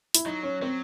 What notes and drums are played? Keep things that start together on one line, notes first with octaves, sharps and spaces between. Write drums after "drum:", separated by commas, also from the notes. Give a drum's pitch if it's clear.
E4, drum: hi-hat
F#3 D#4
C#4
F#3 C4